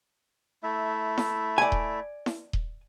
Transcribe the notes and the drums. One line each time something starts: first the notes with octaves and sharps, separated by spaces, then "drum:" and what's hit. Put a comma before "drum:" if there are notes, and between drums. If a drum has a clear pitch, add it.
A3 E4 E5
drum: snare E4
D5 G#5
drum: kick D#1
drum: snare E4
drum: kick D#1